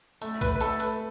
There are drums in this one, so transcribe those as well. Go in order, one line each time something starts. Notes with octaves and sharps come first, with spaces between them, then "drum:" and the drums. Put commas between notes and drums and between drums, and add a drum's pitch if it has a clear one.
A3, drum: hi-hat
B4, drum: kick A#1, hi-hat
B4
A3 A4, drum: hi-hat
B4, drum: hi-hat